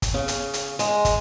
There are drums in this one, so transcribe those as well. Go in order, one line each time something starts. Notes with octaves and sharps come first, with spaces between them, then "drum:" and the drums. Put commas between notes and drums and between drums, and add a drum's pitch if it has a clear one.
drum: kick, hi-hat
C#3
drum: hi-hat
drum: hi-hat
G#3, drum: hi-hat
drum: kick, hi-hat